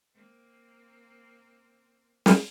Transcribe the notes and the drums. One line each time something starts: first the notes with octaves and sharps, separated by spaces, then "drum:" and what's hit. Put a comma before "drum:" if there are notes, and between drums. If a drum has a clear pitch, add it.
A#3 C4
drum: snare